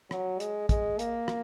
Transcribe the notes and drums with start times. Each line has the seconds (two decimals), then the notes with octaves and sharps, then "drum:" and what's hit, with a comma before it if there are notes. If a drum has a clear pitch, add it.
0.11 F#3, drum: rim click
0.40 G#3, drum: hi-hat
0.69 G#3, drum: kick, hi-hat
0.99 A#3, drum: hi-hat
1.28 drum: rim click